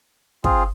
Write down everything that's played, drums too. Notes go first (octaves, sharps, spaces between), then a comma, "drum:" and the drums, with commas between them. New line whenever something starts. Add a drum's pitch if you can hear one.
C4 F4 G#4, drum: kick